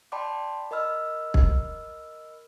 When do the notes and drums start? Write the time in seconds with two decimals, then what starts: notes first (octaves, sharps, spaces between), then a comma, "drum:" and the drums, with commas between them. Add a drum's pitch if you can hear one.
0.12 D5 G5 A5 B5 C6 D6
0.71 A#4 D#5 B5 E6 F6
1.34 drum: kick